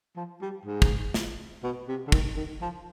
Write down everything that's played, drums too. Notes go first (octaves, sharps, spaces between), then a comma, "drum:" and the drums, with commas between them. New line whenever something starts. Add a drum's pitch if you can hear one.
F3
G3
G#2
drum: kick
drum: snare
B2
C3
D3
D#3, drum: kick
D#3
F3